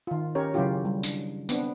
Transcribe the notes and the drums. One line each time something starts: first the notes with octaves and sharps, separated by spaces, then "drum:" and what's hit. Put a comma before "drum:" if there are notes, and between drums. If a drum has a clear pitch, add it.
D#3 F4
C#4 G4 A#4 C#5
C#3 F#3 C#4 E4 F4 G4
G3
D4, drum: tambourine
B3 C4 D4, drum: tambourine